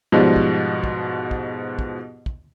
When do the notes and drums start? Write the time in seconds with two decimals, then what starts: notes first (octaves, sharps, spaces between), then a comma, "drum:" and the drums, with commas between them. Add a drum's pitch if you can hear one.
0.12 G#2 B2 F3 G3
0.36 drum: kick
0.84 drum: kick
1.31 drum: kick
1.79 drum: kick
2.26 drum: kick